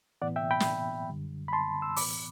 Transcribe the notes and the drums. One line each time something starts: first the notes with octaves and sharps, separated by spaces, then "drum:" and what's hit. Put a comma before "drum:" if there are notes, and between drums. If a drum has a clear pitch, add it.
A2 E3 B3 D5 F#5
E5 G5
G5 B5
drum: snare
F#2 D3 G3
B5
A5 C6
C6 E6
A2 E3 B3 B5 D6, drum: open hi-hat